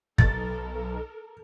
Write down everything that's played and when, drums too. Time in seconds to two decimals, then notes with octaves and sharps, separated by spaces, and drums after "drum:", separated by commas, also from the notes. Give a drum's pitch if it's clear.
0.18 B1 A4 A#4 A6, drum: kick